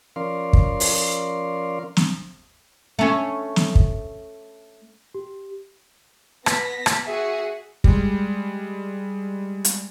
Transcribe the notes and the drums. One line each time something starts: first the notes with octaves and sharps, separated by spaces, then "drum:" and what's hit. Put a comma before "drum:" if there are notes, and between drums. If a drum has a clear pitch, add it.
F3 C#4 A#4 D5 F5 C6
drum: kick
drum: open hi-hat
drum: snare
A3 C#4
drum: snare
drum: kick
G4
B3 A#6 B6, drum: rim click
drum: rim click
F#4 G#4 E5 F#5
G3 G#3, drum: kick
drum: hi-hat